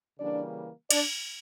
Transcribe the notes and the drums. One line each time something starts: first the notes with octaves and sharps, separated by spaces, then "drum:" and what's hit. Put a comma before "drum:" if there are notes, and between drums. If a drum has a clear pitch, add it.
C#3 E3 G3 A#3 D4 D5
D4 D5, drum: cymbal